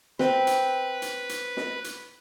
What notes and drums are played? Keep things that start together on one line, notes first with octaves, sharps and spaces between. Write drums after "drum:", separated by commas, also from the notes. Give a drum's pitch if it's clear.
C4 B4, drum: snare
drum: hi-hat
drum: hi-hat
drum: hi-hat
drum: snare
drum: hi-hat